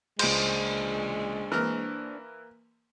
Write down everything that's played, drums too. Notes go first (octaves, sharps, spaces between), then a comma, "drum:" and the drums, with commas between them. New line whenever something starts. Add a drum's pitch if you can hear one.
C#2 G#3 D4 C5 G6, drum: cymbal
E3 A#3 A#4